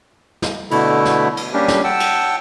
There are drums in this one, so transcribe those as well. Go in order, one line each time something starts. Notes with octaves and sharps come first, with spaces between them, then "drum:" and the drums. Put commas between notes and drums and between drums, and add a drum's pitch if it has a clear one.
drum: snare
B2 D3 A3 E4, drum: cymbal
drum: snare
drum: cymbal
G3 A#3 C#4 D4 G4
drum: snare
F#5 G5 A5 E6
drum: cymbal